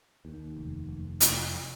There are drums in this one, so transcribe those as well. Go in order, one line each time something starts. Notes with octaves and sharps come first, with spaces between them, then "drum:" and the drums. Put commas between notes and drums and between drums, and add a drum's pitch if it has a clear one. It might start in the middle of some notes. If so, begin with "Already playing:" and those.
D#2
F1
F1
F1, drum: hi-hat